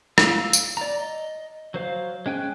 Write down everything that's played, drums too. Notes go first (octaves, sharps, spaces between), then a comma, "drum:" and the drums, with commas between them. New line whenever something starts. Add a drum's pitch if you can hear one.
F5 E6, drum: rim click
drum: tambourine
D5 A#5
D#5
F#3 C5 F5
G#3 C#4 G5 G#5 F#6